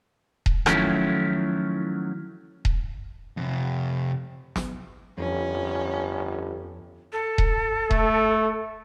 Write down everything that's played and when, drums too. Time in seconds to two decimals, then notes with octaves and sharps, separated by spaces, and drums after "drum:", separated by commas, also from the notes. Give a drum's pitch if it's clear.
0.46 drum: kick D#1
0.66 D#3 F3 F#3 A3 C#4 E4, drum: rim click
2.65 drum: kick D#1
3.37 F2 C3
4.56 drum: snare
5.18 G1 F2 C#4
7.12 A4
7.38 drum: kick D#1
7.91 A3, drum: kick D#1